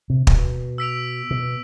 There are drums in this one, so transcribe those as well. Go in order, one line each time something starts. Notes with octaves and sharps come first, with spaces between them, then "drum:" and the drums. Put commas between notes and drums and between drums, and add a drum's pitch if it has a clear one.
C3
B2, drum: kick
E6 B6 D7 F7
B2